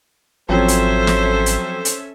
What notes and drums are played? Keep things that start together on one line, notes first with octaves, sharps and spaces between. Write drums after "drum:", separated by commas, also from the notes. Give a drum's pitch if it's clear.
G#1 F3 F#3 C4 C#4 A4 C5 E5
drum: hi-hat
drum: snare
drum: hi-hat
drum: hi-hat